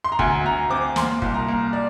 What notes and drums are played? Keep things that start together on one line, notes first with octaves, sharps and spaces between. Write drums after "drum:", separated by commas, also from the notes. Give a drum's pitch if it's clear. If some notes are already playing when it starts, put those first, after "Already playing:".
C6
A#5
D2 G#5, drum: kick
D2 A#5
C4 D6
A#3 C6, drum: snare
C2, drum: kick
A#5
A#3
D5